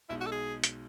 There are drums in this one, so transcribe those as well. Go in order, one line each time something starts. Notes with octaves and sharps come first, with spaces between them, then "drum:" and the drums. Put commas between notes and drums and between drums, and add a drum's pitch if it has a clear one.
B1 B2 G#3 D#4 E4
F#4
A4
G#4
drum: hi-hat